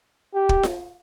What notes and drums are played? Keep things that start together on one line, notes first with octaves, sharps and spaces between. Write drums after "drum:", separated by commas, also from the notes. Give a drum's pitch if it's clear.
G4
drum: kick
drum: snare F4